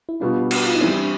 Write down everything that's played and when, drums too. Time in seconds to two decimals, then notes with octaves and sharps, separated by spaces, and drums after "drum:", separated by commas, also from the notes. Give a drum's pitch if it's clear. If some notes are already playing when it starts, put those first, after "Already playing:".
0.09 E4
0.20 B2 G3 B3 D4 F4
0.51 F#4, drum: cymbal
0.66 F4
0.75 D#4
0.81 E3 G3 C4 E4
0.97 D4